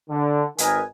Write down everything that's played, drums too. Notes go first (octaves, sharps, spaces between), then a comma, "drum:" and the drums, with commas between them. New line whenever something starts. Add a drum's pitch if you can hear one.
D3
G#1 D#3 A#4 B4 D#5 G#5, drum: hi-hat